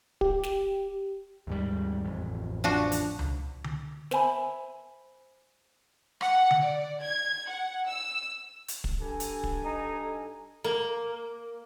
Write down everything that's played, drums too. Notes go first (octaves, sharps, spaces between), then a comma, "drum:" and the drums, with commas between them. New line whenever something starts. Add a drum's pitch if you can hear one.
G4, drum: kick
drum: snare
D#2 G#2 G3
A1 F2
F3 D4 F#4
drum: hi-hat
drum: tom C#2
drum: tom D3
C5 E5 G#5 B5, drum: snare
F#5, drum: rim click
drum: tom D3
D5
G#6
F#5
E6
drum: hi-hat
drum: kick
G2 A4 G#5
drum: hi-hat
drum: kick
D#4
A#3